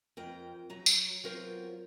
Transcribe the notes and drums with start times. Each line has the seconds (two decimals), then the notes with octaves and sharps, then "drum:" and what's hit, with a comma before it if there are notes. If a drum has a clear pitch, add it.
0.17 F2 A#4 G5
0.70 F#3 A#5
0.86 drum: tambourine
1.24 F#3 B3 C4 F4 A#4 C5